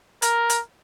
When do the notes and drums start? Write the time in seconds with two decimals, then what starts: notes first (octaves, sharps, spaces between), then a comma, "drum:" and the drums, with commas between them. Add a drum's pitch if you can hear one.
0.22 A#4, drum: hi-hat
0.49 drum: hi-hat